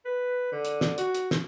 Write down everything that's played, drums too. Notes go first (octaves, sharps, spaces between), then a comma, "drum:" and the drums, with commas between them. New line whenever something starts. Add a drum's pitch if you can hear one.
B4
D3
drum: hi-hat
drum: snare
F#4, drum: hi-hat
drum: hi-hat
drum: snare